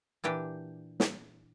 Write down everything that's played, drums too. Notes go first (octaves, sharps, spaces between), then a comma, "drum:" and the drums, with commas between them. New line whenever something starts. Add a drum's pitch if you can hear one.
A#2 E3 D4 G4
drum: snare